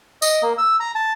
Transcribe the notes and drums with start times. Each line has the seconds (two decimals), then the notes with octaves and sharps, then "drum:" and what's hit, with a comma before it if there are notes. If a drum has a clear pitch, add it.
0.22 D#5, drum: tambourine
0.42 A#3
0.58 E6
0.80 A#5
0.95 A5